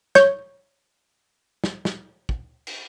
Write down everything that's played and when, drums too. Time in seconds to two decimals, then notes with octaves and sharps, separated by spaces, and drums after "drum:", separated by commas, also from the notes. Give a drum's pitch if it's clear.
0.15 C#5 G6, drum: snare
1.64 drum: snare
1.85 drum: snare
2.29 drum: kick
2.67 drum: cymbal